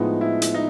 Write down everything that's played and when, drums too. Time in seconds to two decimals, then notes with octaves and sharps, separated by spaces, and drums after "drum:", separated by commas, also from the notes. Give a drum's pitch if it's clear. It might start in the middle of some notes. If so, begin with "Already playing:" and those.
Already playing: A2 F3 G#3 B3 D#4
0.21 E4
0.42 drum: hi-hat
0.54 D#4